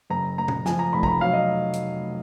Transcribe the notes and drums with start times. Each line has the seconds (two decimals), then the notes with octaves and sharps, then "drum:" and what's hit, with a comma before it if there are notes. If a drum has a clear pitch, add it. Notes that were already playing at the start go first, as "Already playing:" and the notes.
0.10 F#1 A#5
0.38 F#1 A#5
0.48 drum: tom A#2
0.66 F3 G#5, drum: snare
0.79 A#5
0.93 F1 B5
1.03 A#5, drum: kick
1.07 B5
1.21 F#3 F5
1.33 D#5
1.73 drum: hi-hat